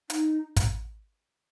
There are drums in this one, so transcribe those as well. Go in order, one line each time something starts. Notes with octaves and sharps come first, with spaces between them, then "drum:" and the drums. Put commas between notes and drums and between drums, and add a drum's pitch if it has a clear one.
D#4, drum: hi-hat
drum: kick, hi-hat